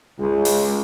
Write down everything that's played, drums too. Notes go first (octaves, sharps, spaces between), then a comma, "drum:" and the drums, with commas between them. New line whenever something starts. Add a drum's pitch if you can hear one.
C#2 G#3
drum: open hi-hat